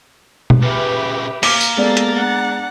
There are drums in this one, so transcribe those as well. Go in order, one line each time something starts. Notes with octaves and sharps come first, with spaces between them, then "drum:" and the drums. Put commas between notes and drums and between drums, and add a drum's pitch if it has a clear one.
drum: tom B2
A#2 C#3 G4 B4 E5
A#3 F5 D6, drum: open hi-hat
drum: tambourine
G#3 B3 G4 A4 D5 A#5 A6
drum: hi-hat
D4 F#5